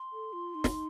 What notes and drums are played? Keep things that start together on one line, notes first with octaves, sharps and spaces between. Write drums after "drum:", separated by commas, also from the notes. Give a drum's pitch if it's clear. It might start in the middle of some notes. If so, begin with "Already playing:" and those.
Already playing: C6
A4
F4
D#4
drum: snare